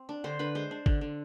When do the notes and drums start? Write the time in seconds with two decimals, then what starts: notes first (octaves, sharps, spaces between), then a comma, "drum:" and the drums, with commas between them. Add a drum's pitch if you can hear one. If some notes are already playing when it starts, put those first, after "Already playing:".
Already playing: C4
0.09 D4
0.24 D3 C5 C6
0.39 D3 B4 B5
0.55 G#3 C5 C6
0.71 D4
0.86 D3, drum: kick
1.01 D3